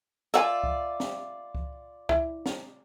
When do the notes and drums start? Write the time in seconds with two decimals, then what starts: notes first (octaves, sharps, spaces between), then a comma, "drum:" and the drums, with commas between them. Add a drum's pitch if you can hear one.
0.34 F4 A#4 D5 E5 F#5 G#5
0.64 drum: kick C#2
1.00 drum: snare
1.55 drum: kick C#2
2.09 E4, drum: kick C#2
2.46 drum: snare